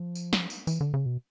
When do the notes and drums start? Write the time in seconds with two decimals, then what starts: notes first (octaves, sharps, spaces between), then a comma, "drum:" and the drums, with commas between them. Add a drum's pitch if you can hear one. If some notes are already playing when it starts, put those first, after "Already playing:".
Already playing: F3
0.15 drum: tambourine
0.33 drum: snare
0.50 drum: tambourine
0.67 E3, drum: tambourine
0.81 D3
0.94 C#3
1.06 B2